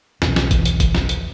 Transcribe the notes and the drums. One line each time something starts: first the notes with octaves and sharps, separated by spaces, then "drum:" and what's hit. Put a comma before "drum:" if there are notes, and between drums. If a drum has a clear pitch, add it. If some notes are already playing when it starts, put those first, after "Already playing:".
B1 E2, drum: snare
drum: snare
drum: kick, hi-hat
drum: hi-hat
drum: kick, hi-hat
drum: snare
drum: hi-hat